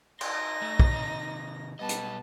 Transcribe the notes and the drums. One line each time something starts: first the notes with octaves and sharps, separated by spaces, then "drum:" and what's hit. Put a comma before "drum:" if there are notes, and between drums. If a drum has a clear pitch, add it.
D#4 C6 A#6, drum: cymbal
A3
drum: kick
C3 D#3
B1 G3 B3 D#5 A5
drum: hi-hat